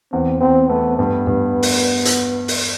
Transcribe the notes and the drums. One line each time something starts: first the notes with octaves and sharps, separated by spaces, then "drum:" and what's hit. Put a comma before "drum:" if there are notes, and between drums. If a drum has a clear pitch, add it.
E2 C4
E2 C4
A3 B3
G2 B3
G2
drum: open hi-hat
drum: hi-hat
drum: open hi-hat